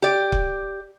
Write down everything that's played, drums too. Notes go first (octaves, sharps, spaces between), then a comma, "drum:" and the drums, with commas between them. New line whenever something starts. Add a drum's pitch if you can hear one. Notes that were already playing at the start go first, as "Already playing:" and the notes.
G4 D5
drum: kick